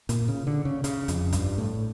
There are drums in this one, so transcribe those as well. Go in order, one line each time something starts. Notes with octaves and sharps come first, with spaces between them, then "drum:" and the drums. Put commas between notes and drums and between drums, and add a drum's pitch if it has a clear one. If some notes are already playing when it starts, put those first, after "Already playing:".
A#2, drum: hi-hat
C#3
D3
C#3
C#3, drum: hi-hat
F2, drum: hi-hat
G2, drum: kick, hi-hat
A2